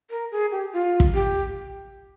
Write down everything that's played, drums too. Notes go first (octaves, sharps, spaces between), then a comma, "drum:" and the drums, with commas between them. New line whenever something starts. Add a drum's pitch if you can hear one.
A#4
G#4
G4
F4
drum: kick
G4